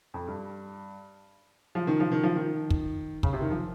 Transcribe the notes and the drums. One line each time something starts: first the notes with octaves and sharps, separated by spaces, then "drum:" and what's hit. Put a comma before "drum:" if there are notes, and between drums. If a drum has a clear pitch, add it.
F2
G2
F3
D#3
F3
D#3
F3
D#3
drum: kick
C#3, drum: kick
C3
D#3
F3